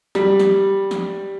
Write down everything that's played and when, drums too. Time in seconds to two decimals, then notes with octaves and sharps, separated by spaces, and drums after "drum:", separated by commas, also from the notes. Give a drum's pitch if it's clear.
0.15 G3, drum: snare
0.39 drum: snare
0.91 drum: snare